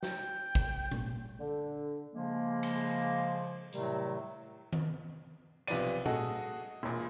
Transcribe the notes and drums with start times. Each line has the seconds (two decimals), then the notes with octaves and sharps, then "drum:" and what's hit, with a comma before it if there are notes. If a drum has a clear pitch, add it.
0.03 G5, drum: snare
0.55 drum: kick
0.91 drum: tom A#2
1.39 D3
2.13 C#3 F3 G#3 A#3
2.63 drum: cymbal
3.72 A2 C3 D#3 F#3 G3 A3, drum: hi-hat
4.73 drum: tom D#3
5.67 B1 C3 F3 B3 D5 D#7, drum: cymbal
6.06 F#4 G#4 A4 D#5 D#6, drum: tom A#2
6.83 E1 A#2